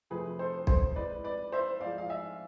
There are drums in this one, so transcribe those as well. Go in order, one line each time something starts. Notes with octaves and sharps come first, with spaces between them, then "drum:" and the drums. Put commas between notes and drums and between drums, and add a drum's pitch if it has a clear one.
F2 C3 F3 A3 G#4 B4
A4 C5
A4 C5, drum: kick B1
A2 G#3 B4 D5
B4 D5
C5 E5
A2 F3 G#3 D5 F5
F5
E5 G#5